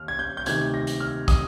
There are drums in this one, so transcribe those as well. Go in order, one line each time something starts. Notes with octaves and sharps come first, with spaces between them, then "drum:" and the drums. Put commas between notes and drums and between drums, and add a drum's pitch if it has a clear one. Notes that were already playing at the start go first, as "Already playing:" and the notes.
Already playing: D#2 F6
G#6
G6
G6
D2 C3 D#3 G#6, drum: hi-hat
A#6
drum: hi-hat
F6
D#6, drum: kick, hi-hat